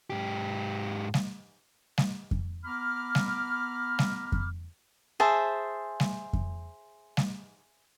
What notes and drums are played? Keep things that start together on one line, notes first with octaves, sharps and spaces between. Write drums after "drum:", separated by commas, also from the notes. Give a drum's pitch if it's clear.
G#2 G4
drum: snare G3
drum: snare G3
drum: kick F2
B3 A#5 B5 D6 F6
drum: snare G3
drum: snare G3
drum: kick F2
G#4 C5 E5 A5
drum: snare G3
drum: kick F2
drum: snare G3